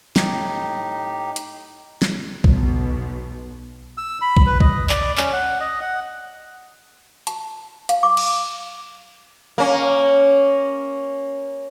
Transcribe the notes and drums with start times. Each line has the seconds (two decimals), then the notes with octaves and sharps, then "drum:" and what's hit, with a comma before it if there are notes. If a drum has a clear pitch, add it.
0.16 A2 D#4 G4, drum: snare
1.36 drum: hi-hat
2.02 drum: snare
2.44 B1 B2, drum: kick
3.98 E6
4.21 B5
4.37 drum: kick
4.46 B4
4.60 D#5, drum: kick
4.89 D5, drum: clap
5.17 C#4, drum: clap
5.33 F#5
5.60 D#5
5.81 F#5
7.27 A5, drum: hi-hat
7.89 F5, drum: hi-hat
8.03 D6
8.17 drum: cymbal
9.58 A#3 C#4